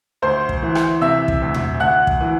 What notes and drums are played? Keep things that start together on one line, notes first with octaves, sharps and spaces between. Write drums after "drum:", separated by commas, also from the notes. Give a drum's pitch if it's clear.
D2 C5 C6
drum: kick
E3
drum: rim click
C3 E5 E6
drum: kick
D2
drum: tom
D2 F#5 F#6
drum: kick
E3